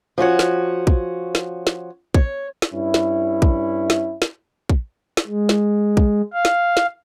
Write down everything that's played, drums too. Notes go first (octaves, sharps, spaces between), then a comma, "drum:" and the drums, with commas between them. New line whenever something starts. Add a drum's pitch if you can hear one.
F3 C#4 F#4 C#5
drum: snare
drum: kick
drum: snare
drum: snare
C#5, drum: kick
drum: snare
G2 C#4 E4
drum: snare
drum: kick
drum: snare
drum: snare
drum: kick
drum: snare
G#3
drum: snare
drum: kick
F5
drum: snare
drum: snare